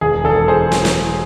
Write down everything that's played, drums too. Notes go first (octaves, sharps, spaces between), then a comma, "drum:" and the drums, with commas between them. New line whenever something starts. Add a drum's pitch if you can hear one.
E1 G#4
E1 A4
G#4 C5
drum: snare
drum: snare